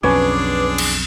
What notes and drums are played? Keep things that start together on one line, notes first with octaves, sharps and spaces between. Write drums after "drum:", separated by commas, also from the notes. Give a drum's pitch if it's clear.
B1 F2 D3 C#4 D4 G#4 B4 D6
drum: cymbal